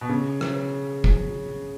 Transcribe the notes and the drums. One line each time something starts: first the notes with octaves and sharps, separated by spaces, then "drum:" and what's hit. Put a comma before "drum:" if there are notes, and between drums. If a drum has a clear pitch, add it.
B2
C#3
drum: rim click
drum: kick